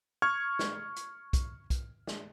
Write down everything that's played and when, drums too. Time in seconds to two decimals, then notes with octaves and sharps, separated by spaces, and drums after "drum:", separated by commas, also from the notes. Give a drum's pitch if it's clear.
0.22 C#6 F6 G#6
0.59 drum: snare
0.96 drum: hi-hat
1.33 drum: kick, hi-hat
1.70 drum: kick, hi-hat
2.07 drum: snare